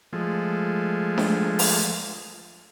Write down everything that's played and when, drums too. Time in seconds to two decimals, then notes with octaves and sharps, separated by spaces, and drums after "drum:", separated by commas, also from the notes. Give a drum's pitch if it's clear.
0.13 F3 G#3 A3
1.18 drum: snare D4
1.59 drum: open hi-hat